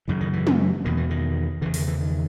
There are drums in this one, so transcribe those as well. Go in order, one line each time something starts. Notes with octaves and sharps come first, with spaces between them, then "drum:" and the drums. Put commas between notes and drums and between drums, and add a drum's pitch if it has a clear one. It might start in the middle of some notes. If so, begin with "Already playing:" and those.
F#2 C#3 E3
D#3
E3
drum: tom
E2 B2 D#3
E3
D#3
E2 C#3 E3
D#3, drum: open hi-hat
E3
D#3